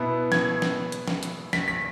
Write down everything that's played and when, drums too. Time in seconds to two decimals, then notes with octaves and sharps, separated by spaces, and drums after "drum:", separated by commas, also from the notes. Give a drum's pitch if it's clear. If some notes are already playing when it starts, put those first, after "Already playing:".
Already playing: B2 B3 E4
0.32 G#6, drum: snare
0.62 drum: snare
0.92 drum: hi-hat
1.08 drum: snare
1.23 drum: hi-hat
1.53 B6, drum: snare
1.68 B6